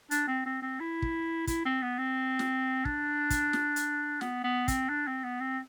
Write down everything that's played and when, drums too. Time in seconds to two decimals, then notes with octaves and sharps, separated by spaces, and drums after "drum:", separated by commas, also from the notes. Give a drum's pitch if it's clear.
0.11 D4, drum: hi-hat
0.28 C4
0.46 C4
0.62 C4
0.80 E4
1.02 drum: kick
1.47 E4, drum: kick, hi-hat
1.65 C4
1.83 B3
1.99 C4
2.39 drum: snare
2.85 D4, drum: kick
3.30 drum: kick, hi-hat
3.53 drum: snare
3.76 drum: hi-hat
4.21 B3, drum: snare
4.44 B3
4.68 C4, drum: kick, hi-hat
4.89 D4
5.07 C4
5.24 B3
5.41 C4